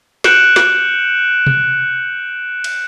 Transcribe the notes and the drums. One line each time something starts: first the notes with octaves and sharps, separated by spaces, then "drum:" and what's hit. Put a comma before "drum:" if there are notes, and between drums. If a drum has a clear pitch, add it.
F#6 G6 C#7 D7 E7 F#7, drum: snare
drum: snare
drum: tom B2
drum: cymbal